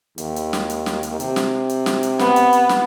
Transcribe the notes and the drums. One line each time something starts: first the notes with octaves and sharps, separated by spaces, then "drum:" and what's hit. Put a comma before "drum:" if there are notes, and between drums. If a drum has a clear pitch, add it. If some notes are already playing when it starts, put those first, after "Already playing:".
D#2, drum: hi-hat
drum: hi-hat
drum: snare
drum: hi-hat
drum: snare
drum: hi-hat
C3, drum: hi-hat
drum: snare
drum: hi-hat
drum: snare
drum: hi-hat
B3, drum: snare
drum: hi-hat
drum: hi-hat
drum: snare